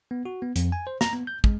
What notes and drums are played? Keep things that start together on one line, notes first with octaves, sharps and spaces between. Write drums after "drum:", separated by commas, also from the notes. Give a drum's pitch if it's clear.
B3
F#4
B3
F2, drum: hi-hat
G#5
C5
A#5, drum: snare
B3
G6
G#3, drum: kick